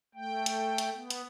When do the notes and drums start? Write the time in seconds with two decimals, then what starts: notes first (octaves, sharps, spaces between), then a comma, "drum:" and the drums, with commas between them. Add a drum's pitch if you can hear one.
0.15 A3 G5
0.46 drum: hi-hat
0.78 drum: hi-hat
0.94 B3
1.10 drum: hi-hat